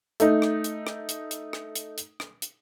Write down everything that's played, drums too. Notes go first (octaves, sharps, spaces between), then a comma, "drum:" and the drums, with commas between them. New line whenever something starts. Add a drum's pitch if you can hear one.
A3 D#4, drum: hi-hat
drum: rim click
drum: hi-hat
drum: rim click
drum: hi-hat
drum: hi-hat
drum: rim click
drum: hi-hat
drum: hi-hat
drum: rim click
drum: hi-hat